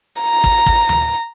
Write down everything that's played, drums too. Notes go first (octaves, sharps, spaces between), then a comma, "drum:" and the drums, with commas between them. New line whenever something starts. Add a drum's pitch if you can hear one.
A#5
drum: kick
drum: kick
drum: tom D2